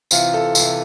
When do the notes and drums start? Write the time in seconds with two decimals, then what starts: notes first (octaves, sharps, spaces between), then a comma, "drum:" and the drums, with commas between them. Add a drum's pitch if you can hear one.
0.11 C3 E3 F4, drum: tambourine
0.34 A4
0.55 C3, drum: tambourine
0.60 E3